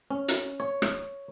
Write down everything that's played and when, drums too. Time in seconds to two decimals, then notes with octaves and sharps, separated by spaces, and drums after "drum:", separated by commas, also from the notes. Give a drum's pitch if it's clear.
0.10 C#4
0.28 drum: hi-hat
0.60 C#5
0.82 drum: rim click